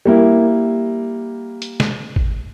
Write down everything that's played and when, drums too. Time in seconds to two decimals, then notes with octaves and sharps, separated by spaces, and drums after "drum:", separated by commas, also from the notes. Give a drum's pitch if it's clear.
0.05 G3 A#3 E4
1.62 drum: hi-hat
1.80 drum: snare
2.16 drum: kick